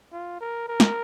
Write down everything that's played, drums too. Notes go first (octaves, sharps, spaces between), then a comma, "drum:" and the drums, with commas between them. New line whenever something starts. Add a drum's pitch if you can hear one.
F4
A#4
A#4
drum: snare